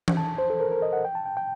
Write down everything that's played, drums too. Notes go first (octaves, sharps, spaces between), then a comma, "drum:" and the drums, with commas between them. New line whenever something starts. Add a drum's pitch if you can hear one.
drum: tom E3
A5
C5
A4
A#4
A#4
D#5
F#5
G5
A5
G5
G5